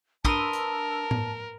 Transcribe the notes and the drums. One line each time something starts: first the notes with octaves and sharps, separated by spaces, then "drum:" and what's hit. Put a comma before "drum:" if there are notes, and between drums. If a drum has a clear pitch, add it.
D4 A#4 B4 A5 A#5 C6 D#6 E6, drum: kick
drum: hi-hat
drum: tom A2